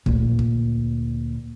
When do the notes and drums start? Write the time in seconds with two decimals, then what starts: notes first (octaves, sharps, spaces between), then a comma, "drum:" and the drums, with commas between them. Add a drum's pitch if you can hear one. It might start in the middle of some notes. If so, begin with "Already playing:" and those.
0.06 D2 A#2, drum: kick
0.39 drum: kick